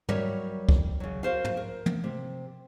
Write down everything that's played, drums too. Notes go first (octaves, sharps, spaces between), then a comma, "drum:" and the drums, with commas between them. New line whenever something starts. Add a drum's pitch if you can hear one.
F#3 G3 F#4 A#4 C#5 E5, drum: tom
drum: kick
C#3 F#3
F#4 A#4 C5 F5
drum: tom
A#4
drum: tom
C3